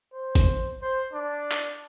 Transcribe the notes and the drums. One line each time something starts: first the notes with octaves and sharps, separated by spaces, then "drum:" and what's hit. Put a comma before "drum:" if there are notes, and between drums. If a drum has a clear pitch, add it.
C5
drum: kick G1, hi-hat
C5
D4
drum: clap